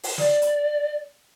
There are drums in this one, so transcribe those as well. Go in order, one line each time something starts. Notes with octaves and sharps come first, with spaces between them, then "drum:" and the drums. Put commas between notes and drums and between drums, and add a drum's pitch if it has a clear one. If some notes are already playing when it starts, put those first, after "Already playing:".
drum: open hi-hat
D5, drum: snare
drum: hi-hat